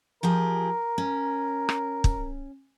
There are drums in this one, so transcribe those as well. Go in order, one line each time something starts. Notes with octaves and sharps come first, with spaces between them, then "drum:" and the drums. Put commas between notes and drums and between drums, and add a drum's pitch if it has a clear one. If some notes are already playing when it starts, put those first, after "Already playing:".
F3 G4 G#4 A#4
C#4
drum: rim click
drum: kick